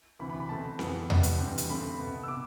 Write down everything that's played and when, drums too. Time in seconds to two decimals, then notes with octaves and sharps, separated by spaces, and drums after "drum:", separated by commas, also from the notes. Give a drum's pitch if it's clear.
0.19 D2 C3 E3 B5
0.30 B5
0.40 B5
0.49 B2 A3 C4 A5
0.79 F2 E3 B3, drum: snare C4
1.10 C2 B2 G3 B3, drum: tom E2
1.23 drum: hi-hat
1.39 E2 D3 G3 C4
1.58 drum: hi-hat
1.69 G2 D3 A3 C4 B5
1.98 C2 B2 B3
2.23 E6
2.28 C3 D6